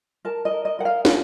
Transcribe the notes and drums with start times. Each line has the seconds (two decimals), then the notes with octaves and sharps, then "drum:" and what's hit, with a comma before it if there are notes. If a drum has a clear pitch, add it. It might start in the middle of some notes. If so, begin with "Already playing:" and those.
0.25 A#4 A5
0.45 D#5
0.51 A#4
0.65 D#5
0.79 A#4 F#5
0.85 F5
1.05 F4 F#5, drum: snare